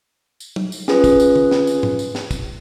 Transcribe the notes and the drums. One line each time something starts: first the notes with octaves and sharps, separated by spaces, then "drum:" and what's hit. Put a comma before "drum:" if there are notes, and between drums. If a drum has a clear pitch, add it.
drum: tambourine
drum: tom
drum: tambourine
C#4 F4 G#4 B4, drum: snare
drum: kick, tambourine
drum: tambourine
drum: tom
drum: snare
drum: tambourine
drum: tom
drum: tambourine
drum: snare
drum: kick, tambourine